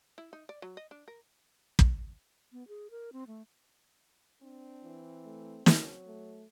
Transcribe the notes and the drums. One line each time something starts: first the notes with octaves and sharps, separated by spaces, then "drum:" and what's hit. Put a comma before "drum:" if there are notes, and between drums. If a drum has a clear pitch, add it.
E4
D#4
D5
F#3
D#5
D4
A#4
drum: kick
B3
G#4
A#4
C4
A3
C4 D4
E3
A3
C#3 F#3, drum: snare
A3